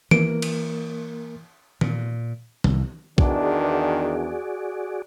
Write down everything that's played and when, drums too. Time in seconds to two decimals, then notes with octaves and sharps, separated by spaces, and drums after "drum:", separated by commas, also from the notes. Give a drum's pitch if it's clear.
0.11 E3 A#3 A#4 D7, drum: tom D#3
0.42 drum: cymbal
1.81 A#2, drum: tom D#3
2.64 C2, drum: tom D#3
3.18 E2 D#3 D4 F#4 G#4 D5, drum: kick